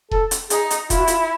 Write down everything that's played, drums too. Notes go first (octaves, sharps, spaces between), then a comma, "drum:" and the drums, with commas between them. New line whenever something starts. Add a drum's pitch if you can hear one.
A4, drum: kick E1
drum: hi-hat
D#4 G#4, drum: hi-hat
drum: hi-hat
E4 F4, drum: kick E1, hi-hat
F#4
F4, drum: hi-hat